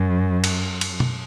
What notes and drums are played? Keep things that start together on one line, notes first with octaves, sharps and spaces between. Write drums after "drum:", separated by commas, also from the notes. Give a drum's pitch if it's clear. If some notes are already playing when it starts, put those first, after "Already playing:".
Already playing: F#2
drum: cymbal
drum: cymbal
drum: tom B2